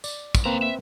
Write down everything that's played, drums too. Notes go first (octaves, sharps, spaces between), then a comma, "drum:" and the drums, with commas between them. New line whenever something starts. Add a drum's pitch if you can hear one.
D5, drum: tambourine
drum: kick, tambourine
C#2 A#3 C4 B4 A#5
E5